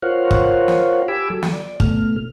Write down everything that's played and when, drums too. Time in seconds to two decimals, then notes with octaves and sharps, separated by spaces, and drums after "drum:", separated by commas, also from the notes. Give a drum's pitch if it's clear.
0.02 F4 A#4 C5 C#5 F5 F#5
0.31 drum: kick
0.68 drum: snare
1.08 G4 G#5 B5 D6 E6
1.30 F#3 A4
1.43 drum: snare
1.53 D5
1.80 B2 A3 F6, drum: kick